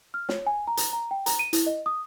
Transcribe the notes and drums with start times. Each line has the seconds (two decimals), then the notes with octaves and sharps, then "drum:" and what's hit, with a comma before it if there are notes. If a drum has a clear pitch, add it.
0.14 F6
0.29 C#5, drum: snare
0.47 G#5
0.67 A#5
0.77 drum: hi-hat
0.93 A#5
1.11 G5
1.26 A#5, drum: hi-hat
1.39 D#7
1.53 E4, drum: hi-hat
1.66 D#5
1.86 D#6